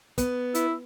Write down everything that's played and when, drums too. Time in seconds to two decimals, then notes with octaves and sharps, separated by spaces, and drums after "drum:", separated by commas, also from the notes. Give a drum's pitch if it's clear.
0.18 B3, drum: kick, hi-hat
0.55 E4, drum: hi-hat